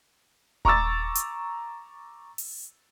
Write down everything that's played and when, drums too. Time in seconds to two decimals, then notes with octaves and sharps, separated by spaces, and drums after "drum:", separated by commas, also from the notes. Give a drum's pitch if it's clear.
0.65 A#5 C#6 D6 E6 A6, drum: kick D#1
1.15 drum: hi-hat
2.38 drum: open hi-hat